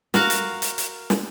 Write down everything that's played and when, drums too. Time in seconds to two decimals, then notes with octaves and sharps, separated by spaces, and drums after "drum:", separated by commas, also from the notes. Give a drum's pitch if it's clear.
0.14 F#4 A#4 F5 F#5, drum: snare
0.30 drum: hi-hat
0.62 drum: hi-hat
0.78 drum: hi-hat
1.10 drum: snare